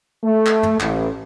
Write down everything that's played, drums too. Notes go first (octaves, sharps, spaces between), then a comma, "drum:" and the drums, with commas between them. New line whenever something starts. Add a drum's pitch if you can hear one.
A3
drum: clap
drum: tom
A1, drum: clap